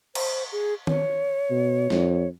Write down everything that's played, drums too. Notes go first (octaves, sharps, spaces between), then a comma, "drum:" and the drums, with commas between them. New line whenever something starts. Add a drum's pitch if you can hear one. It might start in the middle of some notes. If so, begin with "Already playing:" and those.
C5, drum: cymbal
G#4
C#5, drum: tom D#3
B2
F2, drum: snare